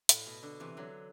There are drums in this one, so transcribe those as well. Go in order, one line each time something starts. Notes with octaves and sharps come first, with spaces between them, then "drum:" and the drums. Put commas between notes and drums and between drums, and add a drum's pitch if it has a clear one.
A2, drum: hi-hat
B2
D3
C3 E3
D3 F#3